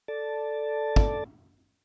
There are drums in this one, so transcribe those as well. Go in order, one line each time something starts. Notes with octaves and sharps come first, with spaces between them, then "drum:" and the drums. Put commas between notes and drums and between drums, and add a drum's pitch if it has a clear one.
A4 D5 A5
drum: kick